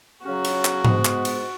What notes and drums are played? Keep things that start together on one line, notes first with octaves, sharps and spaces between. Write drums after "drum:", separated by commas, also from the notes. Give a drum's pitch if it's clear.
C#3 F#3 C#4 F#4
drum: cymbal
drum: clap
G#2 G#3 B3, drum: tom G#2
drum: clap
drum: cymbal